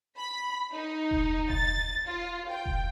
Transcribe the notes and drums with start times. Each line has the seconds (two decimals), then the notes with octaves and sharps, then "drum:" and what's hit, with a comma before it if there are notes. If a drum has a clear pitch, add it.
0.17 B5
0.73 D#4
1.11 drum: kick E1
1.50 A6, drum: kick E1
2.07 F4
2.49 G5
2.66 drum: kick E1